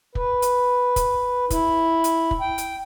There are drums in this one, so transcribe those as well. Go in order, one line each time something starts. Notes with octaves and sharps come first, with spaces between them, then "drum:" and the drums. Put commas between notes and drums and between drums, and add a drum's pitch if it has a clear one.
B4, drum: kick
drum: hi-hat
drum: kick, hi-hat
E4, drum: kick, hi-hat
drum: hi-hat
drum: kick
G5
drum: hi-hat